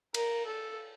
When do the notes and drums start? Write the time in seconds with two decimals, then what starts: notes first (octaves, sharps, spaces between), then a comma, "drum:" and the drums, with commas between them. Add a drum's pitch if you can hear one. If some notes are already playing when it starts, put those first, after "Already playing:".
0.14 A#4, drum: cymbal
0.46 A4